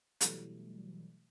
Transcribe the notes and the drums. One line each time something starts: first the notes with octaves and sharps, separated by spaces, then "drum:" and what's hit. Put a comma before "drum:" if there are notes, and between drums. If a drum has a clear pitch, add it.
B2 E3 F#3 G3 A3, drum: hi-hat